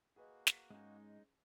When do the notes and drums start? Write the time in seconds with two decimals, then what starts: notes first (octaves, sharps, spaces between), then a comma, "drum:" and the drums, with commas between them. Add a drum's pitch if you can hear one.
0.16 A#3 F#4 G#4 B4 D#5
0.47 drum: snare
0.70 G#2 G#3 C#4 D#4 G#4